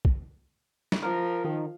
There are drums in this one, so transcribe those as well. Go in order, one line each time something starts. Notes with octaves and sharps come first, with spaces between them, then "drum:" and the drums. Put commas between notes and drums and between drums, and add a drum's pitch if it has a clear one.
drum: kick
drum: snare
F3 A#4
D#3